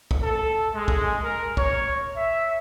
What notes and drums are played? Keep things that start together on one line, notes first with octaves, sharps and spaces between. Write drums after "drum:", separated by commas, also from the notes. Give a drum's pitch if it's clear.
drum: kick
A4
G#3
drum: kick
A#4
C#5, drum: kick
E5